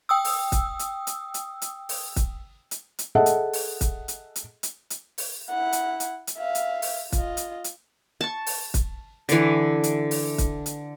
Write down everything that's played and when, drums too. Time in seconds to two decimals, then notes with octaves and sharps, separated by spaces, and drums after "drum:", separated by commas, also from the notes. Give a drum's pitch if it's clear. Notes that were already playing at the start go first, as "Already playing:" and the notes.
0.09 G5 D#6 E6
0.25 drum: open hi-hat
0.52 drum: kick, hi-hat
0.79 drum: hi-hat
1.07 drum: hi-hat
1.34 drum: hi-hat
1.62 drum: hi-hat
1.89 drum: open hi-hat
2.16 drum: kick, hi-hat
2.71 drum: hi-hat
2.99 drum: hi-hat
3.15 G#4 A4 D#5 E5 F#5 A5
3.26 drum: hi-hat
3.53 drum: open hi-hat
3.81 drum: kick, hi-hat
4.08 drum: hi-hat
4.36 drum: hi-hat
4.63 drum: hi-hat
4.90 drum: hi-hat
5.18 drum: open hi-hat
5.50 E4 F#5
5.73 drum: hi-hat
6.00 drum: hi-hat
6.27 drum: hi-hat
6.38 E5 F5
6.55 drum: hi-hat
6.82 drum: open hi-hat
7.12 F4 D#5, drum: kick, hi-hat
7.37 drum: hi-hat
7.64 drum: hi-hat
8.21 A5 C#6
8.47 drum: open hi-hat
8.74 drum: kick, hi-hat
9.29 D3 E3, drum: hi-hat
9.84 drum: hi-hat
10.11 drum: open hi-hat
10.38 drum: kick, hi-hat
10.66 drum: hi-hat